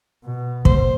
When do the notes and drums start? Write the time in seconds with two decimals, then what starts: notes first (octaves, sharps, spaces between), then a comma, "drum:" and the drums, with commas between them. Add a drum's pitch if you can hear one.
0.25 B2
0.65 A#2 C#3 G3 C5, drum: kick